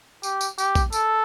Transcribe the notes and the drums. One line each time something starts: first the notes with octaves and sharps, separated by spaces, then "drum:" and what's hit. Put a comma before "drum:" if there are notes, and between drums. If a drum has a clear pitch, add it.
G4, drum: tambourine
drum: tambourine
G4, drum: tambourine
drum: kick A#1, tambourine
A4, drum: tambourine